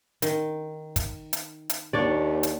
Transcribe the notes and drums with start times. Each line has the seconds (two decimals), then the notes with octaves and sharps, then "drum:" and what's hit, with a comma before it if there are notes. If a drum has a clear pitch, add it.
0.22 D#3, drum: hi-hat
0.96 drum: kick, hi-hat
1.33 drum: hi-hat
1.70 drum: hi-hat
1.93 D#2 D4 C#5 D5
2.43 drum: hi-hat